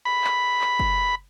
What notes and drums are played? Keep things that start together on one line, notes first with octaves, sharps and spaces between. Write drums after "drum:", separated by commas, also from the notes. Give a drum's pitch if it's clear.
B5
drum: clap
drum: clap
drum: kick F#1